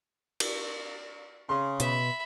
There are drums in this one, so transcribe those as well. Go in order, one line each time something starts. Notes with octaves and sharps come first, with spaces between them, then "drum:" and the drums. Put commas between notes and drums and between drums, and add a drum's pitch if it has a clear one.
drum: cymbal
C#3 C6
B2 E5 B5, drum: hi-hat